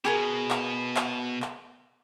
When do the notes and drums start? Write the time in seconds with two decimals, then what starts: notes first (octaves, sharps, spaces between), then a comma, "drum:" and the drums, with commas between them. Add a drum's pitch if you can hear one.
0.05 B2 G4 G#4 A#4
0.50 drum: clap
0.96 drum: clap
1.42 drum: clap